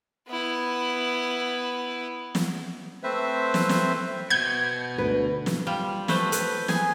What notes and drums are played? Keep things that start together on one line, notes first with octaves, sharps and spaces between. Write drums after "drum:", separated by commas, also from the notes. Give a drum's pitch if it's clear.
B3 E4
drum: snare
A3 C4 B4 C5 E5
drum: snare
drum: snare
B2 B3 G6 G#6
D2 B4
drum: snare
G3 F4
A3 B4 C5, drum: snare
B4, drum: hi-hat
G#4 G#5, drum: snare